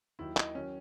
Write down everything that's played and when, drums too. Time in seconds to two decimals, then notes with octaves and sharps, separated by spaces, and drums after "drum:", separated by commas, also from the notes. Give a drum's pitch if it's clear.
0.19 D#2 D#3 F#3 E4
0.37 D#4, drum: clap
0.55 D#3 F#3 C#4